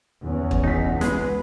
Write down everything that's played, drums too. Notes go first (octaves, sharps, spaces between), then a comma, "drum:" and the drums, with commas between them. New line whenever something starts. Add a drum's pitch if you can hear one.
E2 C#4
drum: kick
C#2 D#4 B6
G#3 G#4 B4, drum: snare